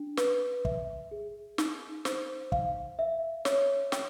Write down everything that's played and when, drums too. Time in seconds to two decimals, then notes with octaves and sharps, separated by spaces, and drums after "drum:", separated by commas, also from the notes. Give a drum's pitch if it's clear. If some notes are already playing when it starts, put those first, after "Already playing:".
Already playing: D4
0.17 B4, drum: snare
0.65 E5, drum: kick
1.11 G#4
1.58 D#4, drum: snare
2.05 C5, drum: snare
2.52 F5, drum: kick
2.99 E5
3.45 C#5, drum: snare
3.92 G5, drum: snare